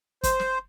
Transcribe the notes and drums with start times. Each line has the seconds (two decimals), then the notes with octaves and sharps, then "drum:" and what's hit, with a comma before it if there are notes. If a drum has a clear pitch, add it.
0.23 C5, drum: kick, hi-hat
0.40 drum: snare